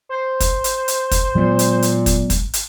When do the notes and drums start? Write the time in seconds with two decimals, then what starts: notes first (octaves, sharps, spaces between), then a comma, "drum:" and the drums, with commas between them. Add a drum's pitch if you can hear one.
0.09 C5
0.40 drum: kick, hi-hat
0.64 drum: hi-hat
0.88 drum: hi-hat
1.11 drum: kick, hi-hat
1.35 A#2 F#3 G#3 B3
1.59 drum: hi-hat
1.82 drum: hi-hat
2.06 drum: kick, hi-hat
2.30 drum: kick, hi-hat
2.53 drum: hi-hat